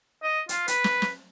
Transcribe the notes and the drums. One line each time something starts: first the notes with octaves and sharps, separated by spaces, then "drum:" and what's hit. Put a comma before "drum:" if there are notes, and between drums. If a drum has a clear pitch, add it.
D#5
F4, drum: hi-hat
B4, drum: hi-hat
drum: snare
drum: snare